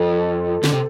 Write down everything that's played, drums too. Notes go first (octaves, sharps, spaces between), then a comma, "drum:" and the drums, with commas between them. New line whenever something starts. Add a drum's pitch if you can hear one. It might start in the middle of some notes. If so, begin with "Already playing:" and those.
Already playing: F2 A4
D3, drum: snare
C3